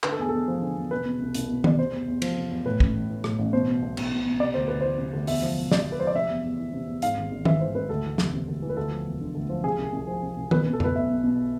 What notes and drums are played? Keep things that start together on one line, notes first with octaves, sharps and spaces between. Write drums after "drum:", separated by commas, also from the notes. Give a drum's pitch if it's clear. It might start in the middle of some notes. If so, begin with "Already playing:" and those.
D3 B4, drum: clap
A4
E2 G#4
E2 A4
F3
D3
E2
B2 B4
B2
C2
C2, drum: hi-hat
B2
B2 D5, drum: tom D#3
C3 C5
E2
E2
F3, drum: cymbal
C3
E2
A2 B4
A1, drum: kick
A1
E3
A2, drum: rim click
A1
B2 C5
B2
B1
B1, drum: cymbal
B2
B2
C3 D5
D2 C5
D2 B4
E3 C5
C3
D2
E2 E5, drum: open hi-hat
F3
E1
C3 D5, drum: snare
E2
B4
F3 C5
D5
C3 E5
E2
E2
E3
C3
E2
G#2 F5, drum: hi-hat
G#1
G#1
E3 E5, drum: tom D#3
G#2 C5
G#1 B4
D2 A4
E3
E1, drum: snare
C3
D2
E3
B4
D2 A4
F3
E1
D3
D2
F3
C3 G#4
C2
C2
F3
C3
C2
B2 B4, drum: tom D#3
B4
B2
A4
B1 B4, drum: tom F2
B1 E5
B2
B2